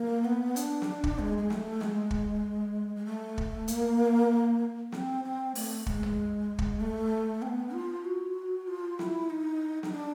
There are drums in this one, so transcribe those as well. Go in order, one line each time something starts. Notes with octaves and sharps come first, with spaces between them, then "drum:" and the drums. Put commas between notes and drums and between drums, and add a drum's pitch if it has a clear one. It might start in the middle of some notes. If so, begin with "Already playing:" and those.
Already playing: A#3
B3
D4, drum: hi-hat
drum: snare
drum: kick
G#3
G#3
A3, drum: snare
G#3, drum: snare
drum: kick
G#3
A3
drum: kick
A#3, drum: hi-hat
C4, drum: snare
C4
A3, drum: open hi-hat
G#3, drum: kick
drum: tom
drum: kick
A3
C4
B3
F4
F#4
F4
E4, drum: snare
D#4
D#4, drum: snare
D4